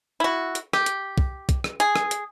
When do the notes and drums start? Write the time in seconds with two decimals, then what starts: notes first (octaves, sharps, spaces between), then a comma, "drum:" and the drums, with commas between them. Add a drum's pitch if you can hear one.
0.20 E4 F#4
0.55 drum: hi-hat
0.73 G4, drum: rim click
0.86 drum: hi-hat
1.18 drum: kick
1.49 drum: kick, hi-hat
1.64 drum: rim click
1.80 G#4, drum: hi-hat
1.96 drum: rim click
2.11 drum: hi-hat